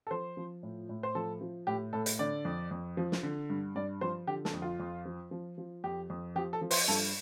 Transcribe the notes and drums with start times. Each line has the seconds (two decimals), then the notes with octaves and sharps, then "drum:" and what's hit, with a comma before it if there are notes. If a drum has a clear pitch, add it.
0.07 A4
0.11 F3 C5
0.37 F3
0.63 A2
0.89 A2
1.03 C5
1.15 F3 A4
1.41 F3
1.67 A2 G4
1.93 A2 A4
2.06 drum: hi-hat
2.19 D3 D5
2.45 F2
2.71 F2
2.97 F3
3.12 drum: snare
3.23 D3
3.50 G2
3.75 G2 D5
4.01 F3 C5
4.27 D3 G4
4.45 A4, drum: snare
4.53 F2
4.62 F4
4.80 F2
5.05 F3
5.31 F3
5.58 F3
5.84 F2 G4
6.10 F2
6.35 F3 G4
6.53 A4
6.61 F3
6.71 C5, drum: open hi-hat
6.88 G2 A4